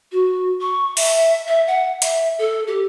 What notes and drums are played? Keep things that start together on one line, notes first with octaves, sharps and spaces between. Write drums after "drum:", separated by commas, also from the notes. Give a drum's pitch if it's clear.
F#4
C#6
E5, drum: open hi-hat
E5
F#5
E5, drum: hi-hat
A4
G4